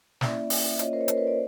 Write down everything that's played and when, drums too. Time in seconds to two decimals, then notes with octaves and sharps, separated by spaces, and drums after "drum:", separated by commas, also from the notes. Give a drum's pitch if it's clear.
0.21 A#3 C#4 E4 D5 E5, drum: snare
0.50 drum: open hi-hat
0.68 E5
0.79 A#3 C#4 F4 C#5 D#5, drum: hi-hat
0.93 A#4 C5
1.01 C#5
1.08 A#4 C5, drum: hi-hat
1.17 B4 C#5
1.27 C5 D5